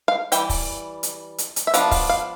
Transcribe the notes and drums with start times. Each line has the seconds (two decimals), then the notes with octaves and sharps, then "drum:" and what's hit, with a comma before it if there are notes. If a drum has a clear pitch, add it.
0.08 F5
0.32 E3 G3 G5, drum: hi-hat
0.50 drum: kick, open hi-hat
1.03 drum: hi-hat
1.38 drum: hi-hat
1.56 drum: hi-hat
1.67 E5
1.74 F3 B3 D4 F5, drum: hi-hat
1.91 F5, drum: kick, open hi-hat
2.09 F5